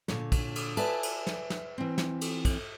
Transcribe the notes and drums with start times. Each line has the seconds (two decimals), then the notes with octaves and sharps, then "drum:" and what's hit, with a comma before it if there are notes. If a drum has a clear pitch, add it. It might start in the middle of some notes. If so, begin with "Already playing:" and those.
0.08 A#2 D3 C#5, drum: snare
0.32 drum: kick, cymbal
0.56 drum: cymbal
0.77 B4 D5 E5 G#5 A5, drum: cymbal
1.03 drum: cymbal
1.27 drum: snare
1.50 drum: snare
1.78 E3 C4
1.98 drum: snare
2.21 drum: cymbal
2.45 drum: kick, cymbal